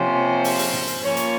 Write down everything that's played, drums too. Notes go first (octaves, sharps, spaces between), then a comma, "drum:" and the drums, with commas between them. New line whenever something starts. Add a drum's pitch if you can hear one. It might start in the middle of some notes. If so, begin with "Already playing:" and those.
Already playing: C3 F3 A#3 C#4 C5
drum: open hi-hat
drum: open hi-hat
drum: tom G#2
drum: hi-hat
F3 A#3 C#4 C#5
drum: hi-hat